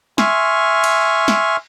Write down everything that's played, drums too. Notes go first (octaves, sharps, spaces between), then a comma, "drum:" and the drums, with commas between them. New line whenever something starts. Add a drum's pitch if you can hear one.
E5 G#5 C6 C#6 F6, drum: snare
drum: cymbal
drum: snare